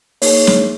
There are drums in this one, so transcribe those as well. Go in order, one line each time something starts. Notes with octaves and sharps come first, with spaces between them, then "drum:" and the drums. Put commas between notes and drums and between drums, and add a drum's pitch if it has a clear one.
A#3 D#4 G#4 C#5, drum: open hi-hat
drum: snare